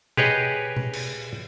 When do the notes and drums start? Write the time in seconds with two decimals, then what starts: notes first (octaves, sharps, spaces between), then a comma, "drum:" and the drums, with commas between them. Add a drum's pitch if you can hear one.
0.17 G4 G#4 B4 C#5 D#5, drum: tom B2
0.77 drum: tom B2
0.93 drum: cymbal